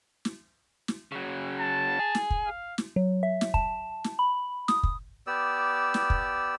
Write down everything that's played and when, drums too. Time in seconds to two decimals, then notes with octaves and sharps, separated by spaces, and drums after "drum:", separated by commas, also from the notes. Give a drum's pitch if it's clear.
0.25 drum: snare
0.88 drum: snare
1.12 C#3 F#3
1.60 A5
1.99 G#4
2.15 drum: snare
2.30 drum: kick
2.46 F5
2.78 drum: snare
2.96 F#3
3.23 E5
3.41 drum: snare
3.54 A5, drum: kick
4.04 drum: snare
4.19 B5
4.68 D#6, drum: snare
4.83 drum: kick
5.27 B3 G4 D5 E6
5.94 drum: snare
6.10 drum: kick